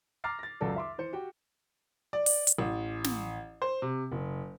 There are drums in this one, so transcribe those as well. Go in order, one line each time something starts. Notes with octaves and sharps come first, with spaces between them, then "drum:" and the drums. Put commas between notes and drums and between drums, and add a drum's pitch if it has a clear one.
A#5 D6 F6 A6 C7
A6 A#6
C#2 F#2 F#3 A4 D5
E5 C6 D6
E3 C5 C#7
F#4 G4 G5
D5
drum: open hi-hat
drum: hi-hat
A1
drum: snare
C5
C3
F#1